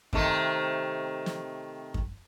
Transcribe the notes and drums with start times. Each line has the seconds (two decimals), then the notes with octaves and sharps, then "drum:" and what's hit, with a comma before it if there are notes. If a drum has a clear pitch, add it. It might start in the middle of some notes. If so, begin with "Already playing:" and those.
0.13 C3 D#3 A3, drum: kick F#2
1.26 drum: snare
1.94 drum: kick F#2